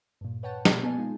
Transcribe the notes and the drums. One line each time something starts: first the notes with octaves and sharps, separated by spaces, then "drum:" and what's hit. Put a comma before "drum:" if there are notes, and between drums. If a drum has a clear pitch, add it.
G2 A#2
B4 C#5 F#5 G5 A5
B2 A#3, drum: snare
B3 G#5 A5
G#3 D#4 F4 G#4